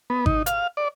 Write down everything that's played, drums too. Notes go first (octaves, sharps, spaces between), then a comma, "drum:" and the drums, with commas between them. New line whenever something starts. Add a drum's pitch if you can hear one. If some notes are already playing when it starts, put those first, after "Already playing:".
B3
D#4, drum: kick G#1
F5, drum: hi-hat
D5